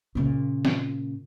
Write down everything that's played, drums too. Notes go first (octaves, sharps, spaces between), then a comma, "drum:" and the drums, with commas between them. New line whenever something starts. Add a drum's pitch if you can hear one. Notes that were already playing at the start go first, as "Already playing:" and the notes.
A#2 C#3
drum: snare